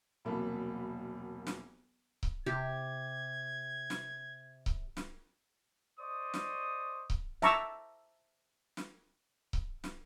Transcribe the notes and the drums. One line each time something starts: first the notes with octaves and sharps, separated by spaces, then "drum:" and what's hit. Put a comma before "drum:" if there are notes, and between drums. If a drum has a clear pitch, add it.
E1 C2 F#3 A#3 A5 B5
drum: snare
drum: kick C#1
C3 G4 G#6
drum: snare
drum: kick C#1
drum: snare
C5 D5 D#5 C#6 D#6
drum: snare
drum: kick C#1
E5 A5 A#5 C#6 D6 E6, drum: snare
drum: snare
drum: kick C#1
drum: snare